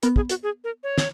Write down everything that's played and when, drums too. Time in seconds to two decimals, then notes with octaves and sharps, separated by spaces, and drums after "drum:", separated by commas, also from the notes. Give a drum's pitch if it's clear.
0.03 B3 A#4, drum: hi-hat
0.16 G#4, drum: kick
0.29 F#4, drum: hi-hat
0.43 G#4
0.64 A#4
0.83 C#5
0.98 drum: snare